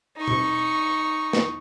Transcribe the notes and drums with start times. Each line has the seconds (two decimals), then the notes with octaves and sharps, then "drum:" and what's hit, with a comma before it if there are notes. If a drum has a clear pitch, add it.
0.17 D#4 C#6
0.28 drum: tom B2
1.33 drum: snare